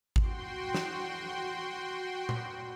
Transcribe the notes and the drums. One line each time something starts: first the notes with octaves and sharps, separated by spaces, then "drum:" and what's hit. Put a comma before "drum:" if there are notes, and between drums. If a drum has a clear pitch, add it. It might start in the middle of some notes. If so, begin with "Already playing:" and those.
F#4 G5 C6, drum: kick G#1
drum: snare
drum: tom A#2